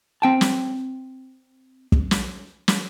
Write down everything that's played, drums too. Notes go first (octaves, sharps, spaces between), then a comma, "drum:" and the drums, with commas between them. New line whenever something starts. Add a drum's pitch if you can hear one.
C4 G5 A5
drum: snare
drum: kick
drum: snare
drum: snare